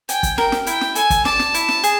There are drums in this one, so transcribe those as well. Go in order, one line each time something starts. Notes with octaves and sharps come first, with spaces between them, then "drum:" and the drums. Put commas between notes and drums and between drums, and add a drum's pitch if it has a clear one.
G5 G#5, drum: hi-hat
drum: kick, hi-hat
A#4 G5, drum: snare
drum: snare
E4 G5, drum: hi-hat
drum: snare
A4 G#5, drum: hi-hat
drum: kick, hi-hat
D5 A5, drum: snare
drum: snare
E4, drum: hi-hat
drum: snare
G#4, drum: hi-hat